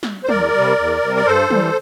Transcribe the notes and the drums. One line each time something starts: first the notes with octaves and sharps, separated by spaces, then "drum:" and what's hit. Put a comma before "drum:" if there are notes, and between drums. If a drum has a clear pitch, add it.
drum: snare
C5
E2 A#4 D5, drum: tom
C3 G3
E2
C3 G3
D5
G2 A4 C5
E3 G3, drum: tom